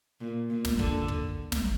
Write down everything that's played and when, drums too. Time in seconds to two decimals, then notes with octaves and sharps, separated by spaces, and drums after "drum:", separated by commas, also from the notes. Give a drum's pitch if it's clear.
0.21 A#2
0.50 A#2
0.65 drum: snare
0.79 D3, drum: kick
1.08 drum: kick
1.52 drum: snare